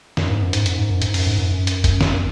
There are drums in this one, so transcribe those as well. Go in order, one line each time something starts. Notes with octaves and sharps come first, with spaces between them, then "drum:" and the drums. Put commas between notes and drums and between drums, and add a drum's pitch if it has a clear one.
F#2, drum: snare
G#2
F#2
G#2, drum: hi-hat
F#2, drum: hi-hat
G#2
F#2
G#2, drum: hi-hat
F#2, drum: open hi-hat
G#2
F#2
F#2
drum: hi-hat
F#2, drum: kick G1, hi-hat
drum: snare